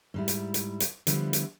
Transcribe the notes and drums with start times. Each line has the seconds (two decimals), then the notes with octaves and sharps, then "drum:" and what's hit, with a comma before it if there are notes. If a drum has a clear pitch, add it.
0.14 G#2 G3 E4
0.28 drum: hi-hat
0.54 drum: hi-hat
0.80 drum: hi-hat
1.07 D3 F3 G3 B3 E4, drum: hi-hat
1.33 drum: hi-hat